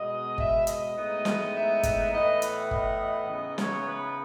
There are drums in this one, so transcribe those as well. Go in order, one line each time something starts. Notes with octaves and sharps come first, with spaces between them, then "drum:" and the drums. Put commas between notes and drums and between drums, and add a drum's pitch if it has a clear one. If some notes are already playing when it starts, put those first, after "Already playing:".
Already playing: B2 G#3 B3 D#5
E5, drum: kick G1
D#5, drum: hi-hat
A2 G#3 B3 D#4
drum: snare
E5
drum: kick G1, hi-hat
A2 E3 B3 D#5
B4, drum: hi-hat
D#5, drum: kick G1
D#5
C#3 E3 B3 D#4
C#5, drum: snare
B4